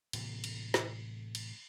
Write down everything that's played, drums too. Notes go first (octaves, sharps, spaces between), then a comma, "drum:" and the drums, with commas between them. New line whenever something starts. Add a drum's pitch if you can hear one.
A2 C3 E3 A#3, drum: cymbal
drum: cymbal
drum: snare
drum: cymbal